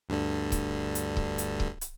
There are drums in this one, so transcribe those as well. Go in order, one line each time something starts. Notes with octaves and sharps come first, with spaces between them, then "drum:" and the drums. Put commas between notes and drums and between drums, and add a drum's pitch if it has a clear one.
D2 G2 D3
drum: kick C#1, hi-hat
drum: hi-hat
drum: kick C#1
drum: hi-hat
drum: kick C#1
drum: hi-hat